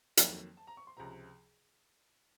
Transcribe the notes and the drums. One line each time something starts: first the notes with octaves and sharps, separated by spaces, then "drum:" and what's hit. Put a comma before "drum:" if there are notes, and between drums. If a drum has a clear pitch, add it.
F2 D#3 F#3 A#3, drum: hi-hat
A5
A#5
C#6
C6
C#2 C3 F3 A#5